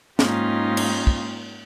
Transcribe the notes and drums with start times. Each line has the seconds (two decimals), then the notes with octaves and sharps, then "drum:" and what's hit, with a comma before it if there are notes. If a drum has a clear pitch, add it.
0.19 G#2 A#3 C#4 D#4 F4 G4, drum: snare
0.77 drum: cymbal
1.07 drum: kick